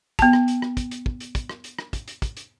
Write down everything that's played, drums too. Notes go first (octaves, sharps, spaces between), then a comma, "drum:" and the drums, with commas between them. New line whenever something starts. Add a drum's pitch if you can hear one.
B3 A5, drum: kick, hi-hat
drum: rim click
drum: hi-hat
drum: rim click
drum: kick, hi-hat
drum: hi-hat
drum: kick
drum: hi-hat
drum: kick, hi-hat
drum: rim click
drum: hi-hat
drum: rim click
drum: kick, hi-hat
drum: hi-hat
drum: kick, hi-hat
drum: hi-hat